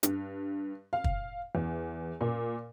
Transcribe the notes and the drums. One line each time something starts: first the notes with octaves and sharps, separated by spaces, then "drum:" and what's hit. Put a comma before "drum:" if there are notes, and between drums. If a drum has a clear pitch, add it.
G2, drum: hi-hat
F5
drum: kick
E2
A#2